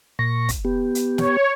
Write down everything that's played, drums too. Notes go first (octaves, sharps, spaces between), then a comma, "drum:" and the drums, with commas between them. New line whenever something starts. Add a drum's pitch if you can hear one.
A#2 C#6 A#6
drum: kick, hi-hat
B3 G4
drum: hi-hat
C#5, drum: snare